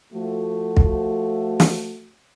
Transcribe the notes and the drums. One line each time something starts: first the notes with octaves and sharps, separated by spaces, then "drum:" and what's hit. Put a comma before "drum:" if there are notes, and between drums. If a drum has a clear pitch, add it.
F3 A3 F#4
drum: kick
drum: snare